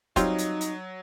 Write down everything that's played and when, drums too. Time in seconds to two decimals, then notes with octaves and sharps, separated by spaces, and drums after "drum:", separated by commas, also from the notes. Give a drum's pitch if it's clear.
0.16 F#3 G3 C4 D#4 F4, drum: kick, hi-hat
0.38 drum: hi-hat
0.61 drum: hi-hat